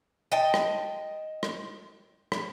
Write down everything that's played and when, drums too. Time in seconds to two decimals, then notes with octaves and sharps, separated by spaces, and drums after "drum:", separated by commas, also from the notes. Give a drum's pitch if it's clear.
0.32 D#5 G5 A5
0.54 drum: rim click
1.43 drum: rim click
2.32 drum: rim click